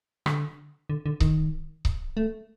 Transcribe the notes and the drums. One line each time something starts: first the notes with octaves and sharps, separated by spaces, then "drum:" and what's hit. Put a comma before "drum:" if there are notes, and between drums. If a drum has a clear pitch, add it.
D3, drum: rim click
D3
D3
D#3, drum: kick C#1
drum: kick C#1
A3